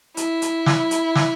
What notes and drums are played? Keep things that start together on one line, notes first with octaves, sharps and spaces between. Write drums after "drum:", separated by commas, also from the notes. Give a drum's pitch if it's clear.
E4, drum: hi-hat
drum: hi-hat
drum: snare
drum: hi-hat
drum: snare